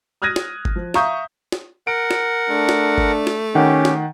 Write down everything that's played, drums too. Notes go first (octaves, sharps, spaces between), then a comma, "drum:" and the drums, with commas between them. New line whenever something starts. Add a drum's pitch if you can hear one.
D#6 F6 F#6 G#6 A#6 D#7
drum: snare
drum: kick G1
F3
E5 F5 A#5 C#6 D#6 G6, drum: snare
drum: snare
A#4 F#5 D7
drum: snare
A3 D4
drum: snare
drum: kick G1
drum: snare
D#3 C#4 G4 F#5
drum: snare